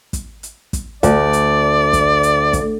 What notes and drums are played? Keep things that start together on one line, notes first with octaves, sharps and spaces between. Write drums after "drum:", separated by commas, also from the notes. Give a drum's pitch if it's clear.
drum: kick, hi-hat
drum: hi-hat
drum: kick, hi-hat
D2 D5, drum: kick, hi-hat
drum: hi-hat
drum: kick, hi-hat
drum: hi-hat
drum: kick, hi-hat